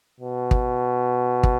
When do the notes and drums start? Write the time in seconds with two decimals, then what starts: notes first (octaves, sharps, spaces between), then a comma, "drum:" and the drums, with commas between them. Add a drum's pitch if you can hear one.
0.20 B2
0.51 drum: kick
1.43 drum: kick